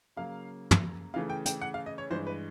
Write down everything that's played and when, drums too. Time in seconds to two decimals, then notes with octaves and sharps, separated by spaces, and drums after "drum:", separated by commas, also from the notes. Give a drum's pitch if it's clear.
0.16 C#3 F#3 A#3 F5
0.71 drum: tom
1.14 C#3 E3 A3 F5
1.30 G5
1.46 G5, drum: hi-hat
1.61 F#5
1.74 F5
1.86 D#5
1.98 C#5
2.11 G2 E3 G#3 C5
2.27 B4